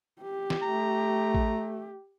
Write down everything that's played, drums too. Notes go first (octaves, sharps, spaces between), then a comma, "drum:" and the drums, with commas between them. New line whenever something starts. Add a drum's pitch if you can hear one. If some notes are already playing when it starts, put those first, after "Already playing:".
G4
drum: snare
A3 A#5
drum: kick A1